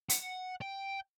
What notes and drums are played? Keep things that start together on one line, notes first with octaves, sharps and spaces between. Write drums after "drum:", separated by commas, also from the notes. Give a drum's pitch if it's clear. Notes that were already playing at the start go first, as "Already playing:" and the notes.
F#5, drum: hi-hat
G5